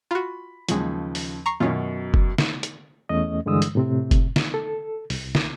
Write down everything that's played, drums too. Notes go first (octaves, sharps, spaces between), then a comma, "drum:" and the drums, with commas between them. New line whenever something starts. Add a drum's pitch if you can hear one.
F4 F#4 B5
D#2 C#3 F3 F#3 G#3, drum: hi-hat
drum: open hi-hat
A#5 C#6 C7
F#2 B2 D#3 C#4 F4
drum: kick F#1
drum: snare
drum: hi-hat
E2 A3 C#4 D#5
G2 D3 E3 G#3 D#6 E6
drum: hi-hat
A2 C3 C4
drum: kick F#1, hi-hat
drum: snare
A4
C2, drum: open hi-hat
drum: snare